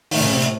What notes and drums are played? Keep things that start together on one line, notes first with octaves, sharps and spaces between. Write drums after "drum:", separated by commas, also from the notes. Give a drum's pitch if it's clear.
A2 D#3, drum: open hi-hat
C#3
C3
drum: hi-hat